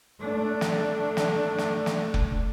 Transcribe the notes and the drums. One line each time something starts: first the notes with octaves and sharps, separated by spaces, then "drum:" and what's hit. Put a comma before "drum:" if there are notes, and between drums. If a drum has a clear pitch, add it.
A3 D4
drum: snare
drum: snare
drum: snare
drum: snare
drum: kick F1